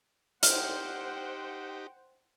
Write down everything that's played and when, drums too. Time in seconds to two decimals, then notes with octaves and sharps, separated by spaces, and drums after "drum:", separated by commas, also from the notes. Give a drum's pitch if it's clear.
0.43 D#4 G4 C5 F#5 G5 F6, drum: hi-hat